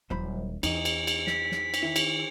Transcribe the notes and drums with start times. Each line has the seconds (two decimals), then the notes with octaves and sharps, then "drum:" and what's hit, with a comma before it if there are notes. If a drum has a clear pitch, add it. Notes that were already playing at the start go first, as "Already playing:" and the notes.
0.10 D#1 E3 F#3 C5 B5
0.63 E2 D#4 D#5, drum: cymbal
0.85 drum: cymbal
1.07 drum: cymbal
1.27 B6, drum: snare
1.52 drum: snare
1.74 drum: cymbal
1.83 D#3 E4
1.96 drum: cymbal